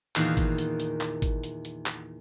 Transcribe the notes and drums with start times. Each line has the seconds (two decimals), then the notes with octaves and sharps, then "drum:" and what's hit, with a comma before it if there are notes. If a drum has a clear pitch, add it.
0.16 E2 A#2 D#3 D#4 F#4 F5, drum: clap
0.37 drum: kick G#1, hi-hat
0.58 drum: hi-hat
0.80 drum: hi-hat
1.01 drum: clap
1.22 drum: kick G#1, hi-hat
1.44 drum: hi-hat
1.65 drum: hi-hat
1.86 drum: clap